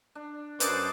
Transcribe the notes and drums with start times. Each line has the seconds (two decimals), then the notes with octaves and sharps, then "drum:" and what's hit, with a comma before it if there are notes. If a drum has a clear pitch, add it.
0.15 D4
0.60 F#2 A4 B4 C5 D#5 A5 D6, drum: hi-hat